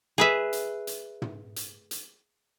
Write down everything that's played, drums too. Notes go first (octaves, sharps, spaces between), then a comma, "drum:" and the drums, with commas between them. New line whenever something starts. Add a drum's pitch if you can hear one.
G#4 B4 E5
drum: hi-hat
drum: hi-hat
drum: tom
drum: hi-hat
drum: hi-hat